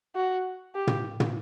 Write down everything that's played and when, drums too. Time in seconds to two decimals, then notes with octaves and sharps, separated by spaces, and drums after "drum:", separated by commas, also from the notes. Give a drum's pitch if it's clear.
0.15 F#4
0.74 G4
0.87 drum: tom
1.20 drum: tom